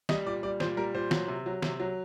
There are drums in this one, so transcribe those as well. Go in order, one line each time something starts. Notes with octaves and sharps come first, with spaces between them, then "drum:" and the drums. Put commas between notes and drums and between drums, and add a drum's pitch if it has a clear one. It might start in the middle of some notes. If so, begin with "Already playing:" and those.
G3 D#5, drum: snare
A#2 D5
G3 D5
A#2 C5, drum: snare
G3 A#4
A#2 C5
F#3, drum: snare
C3
F#3
C3, drum: snare
F#3